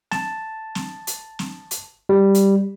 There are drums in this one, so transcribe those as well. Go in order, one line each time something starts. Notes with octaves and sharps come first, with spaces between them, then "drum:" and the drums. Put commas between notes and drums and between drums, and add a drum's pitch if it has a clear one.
A5, drum: snare
drum: snare
drum: hi-hat
drum: snare
drum: hi-hat
G3
drum: hi-hat